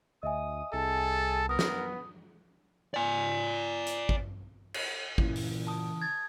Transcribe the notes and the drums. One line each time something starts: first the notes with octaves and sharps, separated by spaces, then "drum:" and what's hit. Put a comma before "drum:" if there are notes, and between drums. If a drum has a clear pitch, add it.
D2 D#5 E5 G#5 D#6
C2 G#4 A4 A5
B3 A#4 D#6
drum: snare
D5 G#5
drum: hi-hat
drum: kick G#1
drum: cymbal
A#2 C#3 E3, drum: kick G#1
drum: open hi-hat
A5 D#6
G#6 A6